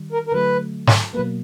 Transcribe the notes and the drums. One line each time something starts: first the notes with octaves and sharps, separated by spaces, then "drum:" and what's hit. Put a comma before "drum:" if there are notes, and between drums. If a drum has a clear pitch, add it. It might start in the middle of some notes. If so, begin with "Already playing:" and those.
Already playing: D#3 G3
A#4
A#4
D3 F#3 A3 B4
drum: snare
B2 F#3 A#3 B4